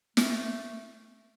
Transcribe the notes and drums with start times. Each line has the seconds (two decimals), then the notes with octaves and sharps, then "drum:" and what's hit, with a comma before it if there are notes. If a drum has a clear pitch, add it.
0.17 A3, drum: snare